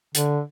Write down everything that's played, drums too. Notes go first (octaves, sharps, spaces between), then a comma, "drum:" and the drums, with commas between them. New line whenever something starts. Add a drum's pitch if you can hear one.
D3, drum: hi-hat